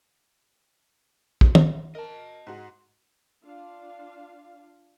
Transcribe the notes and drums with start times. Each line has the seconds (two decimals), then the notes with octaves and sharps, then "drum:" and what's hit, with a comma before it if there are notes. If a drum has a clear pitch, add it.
1.41 drum: kick
1.55 drum: tom
1.95 A#4 D#5 A5
2.47 G#2 F#4
3.44 D4 F4 F5